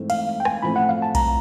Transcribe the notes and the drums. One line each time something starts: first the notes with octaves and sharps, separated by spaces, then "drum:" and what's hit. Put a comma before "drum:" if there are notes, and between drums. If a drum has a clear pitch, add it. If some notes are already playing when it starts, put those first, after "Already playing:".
Already playing: G#2 E3 A3 C4
F5, drum: cymbal
G5
G#5, drum: rim click
A2 F3 A3 C4 B5
F#5
F5
A5
A#5, drum: kick B1, cymbal